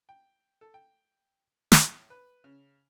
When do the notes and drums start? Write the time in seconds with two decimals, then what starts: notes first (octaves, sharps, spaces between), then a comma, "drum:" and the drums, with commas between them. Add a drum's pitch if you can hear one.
0.09 G5
0.61 A4
0.74 G5
1.72 A2, drum: snare
2.10 B4
2.44 C#3